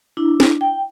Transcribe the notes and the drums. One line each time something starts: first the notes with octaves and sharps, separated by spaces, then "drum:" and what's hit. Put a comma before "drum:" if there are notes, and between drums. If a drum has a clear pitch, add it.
D4 E4
drum: snare
G5